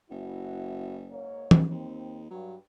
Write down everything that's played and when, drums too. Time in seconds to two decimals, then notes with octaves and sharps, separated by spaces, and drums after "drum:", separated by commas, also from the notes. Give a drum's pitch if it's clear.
0.11 F#1 E4 F#4
1.10 G#2 A#3 C#5
1.51 drum: tom E3
1.70 D#2 C4
2.30 G2 F#3